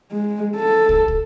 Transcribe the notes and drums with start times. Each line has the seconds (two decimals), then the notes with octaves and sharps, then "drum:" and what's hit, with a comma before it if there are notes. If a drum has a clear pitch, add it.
0.12 G#3
0.56 A4
0.89 drum: kick
1.08 drum: kick